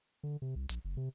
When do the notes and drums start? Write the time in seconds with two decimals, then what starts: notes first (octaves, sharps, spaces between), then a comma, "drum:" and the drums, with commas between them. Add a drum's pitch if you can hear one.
0.23 D3
0.42 C3
0.56 C2
0.69 A#1, drum: hi-hat
0.85 F#1
0.97 C3